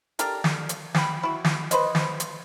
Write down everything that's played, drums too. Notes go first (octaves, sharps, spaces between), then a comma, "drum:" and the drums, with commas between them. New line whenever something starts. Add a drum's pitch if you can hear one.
D4 G4 A4 A#4, drum: hi-hat
drum: snare
drum: hi-hat
F5 G5 B5, drum: snare
E4 F#4
drum: snare
B4 C5 D#5, drum: hi-hat
drum: snare
drum: hi-hat